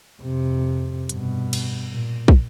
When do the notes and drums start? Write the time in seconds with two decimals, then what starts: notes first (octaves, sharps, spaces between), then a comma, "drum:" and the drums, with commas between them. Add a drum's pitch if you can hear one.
0.22 F2 C3
1.09 G2 B2, drum: hi-hat
1.53 drum: cymbal
1.91 A#2
2.28 drum: kick